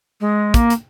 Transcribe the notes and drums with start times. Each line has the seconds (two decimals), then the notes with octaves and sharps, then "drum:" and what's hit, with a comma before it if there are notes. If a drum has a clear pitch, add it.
0.21 G#3
0.54 A#3, drum: kick, hi-hat
0.70 drum: hi-hat